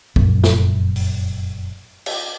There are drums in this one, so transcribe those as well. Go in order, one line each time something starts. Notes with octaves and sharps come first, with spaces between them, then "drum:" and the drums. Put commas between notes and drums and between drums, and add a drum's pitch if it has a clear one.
F1 F#2 A#2, drum: kick
drum: snare
drum: open hi-hat
drum: cymbal